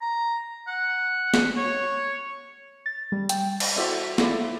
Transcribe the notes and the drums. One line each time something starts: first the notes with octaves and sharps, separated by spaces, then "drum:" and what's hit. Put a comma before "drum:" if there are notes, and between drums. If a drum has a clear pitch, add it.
A#5
F#5
drum: snare
C#5
A6
G3
G5, drum: hi-hat
drum: cymbal
E4 F#4 A4 C5 D5 E5
E4 F4 A4 D5, drum: snare